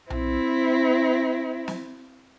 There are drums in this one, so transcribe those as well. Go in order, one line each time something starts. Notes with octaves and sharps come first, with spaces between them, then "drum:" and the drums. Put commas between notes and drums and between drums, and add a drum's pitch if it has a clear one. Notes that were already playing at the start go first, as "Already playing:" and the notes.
C4 E4, drum: tom B1
drum: snare